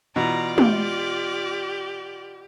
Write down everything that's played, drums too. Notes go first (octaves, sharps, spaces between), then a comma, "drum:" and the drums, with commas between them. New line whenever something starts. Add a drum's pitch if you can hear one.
B2 E3 F4 D5 A#5
G4, drum: tom